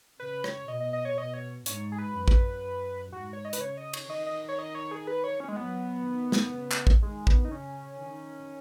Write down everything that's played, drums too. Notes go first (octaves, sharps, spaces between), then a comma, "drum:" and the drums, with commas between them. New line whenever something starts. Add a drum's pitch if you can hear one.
C#3 B4
C#5, drum: rim click
B2 D#5
D#5
D#5
C#5
B2 D#5
C#5
G#2 C#5, drum: hi-hat
G#4
B4
F#2
drum: kick
G#2 F#4
C#5
D#5
B4, drum: hi-hat
C#3 C#5
D#5
C#5, drum: cymbal
D#3 D#5
D#5
C#5
D#5
C#5
G#4
B4
C#5
C#4
G#3
F#3 B3
D#3
drum: snare
C#3
drum: clap
drum: kick
D#3 G#3
B3, drum: kick
D#4
C#3 C#4
D#3